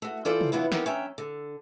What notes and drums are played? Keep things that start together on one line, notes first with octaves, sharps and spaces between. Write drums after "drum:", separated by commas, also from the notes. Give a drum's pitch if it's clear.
A3 F#4
E3 F4 A4 C5 D5
drum: tom C3
E3 F#3 B3 D4 E4 F4
B3 C4 D#4 G4 A#4, drum: snare
C#4 D4 E5 G5 A#5
D3